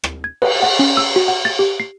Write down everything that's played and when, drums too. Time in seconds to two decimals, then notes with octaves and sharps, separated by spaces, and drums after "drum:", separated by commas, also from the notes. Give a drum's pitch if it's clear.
0.04 drum: rim click
0.24 G#6
0.42 B4, drum: cymbal
0.63 F#5
0.79 C#4
0.97 E6
1.16 F#4
1.28 F#5
1.45 A6
1.59 G4
1.80 C7